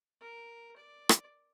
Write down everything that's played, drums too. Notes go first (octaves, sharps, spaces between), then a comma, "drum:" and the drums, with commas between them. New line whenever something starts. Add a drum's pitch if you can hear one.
A#4
D5
drum: rim click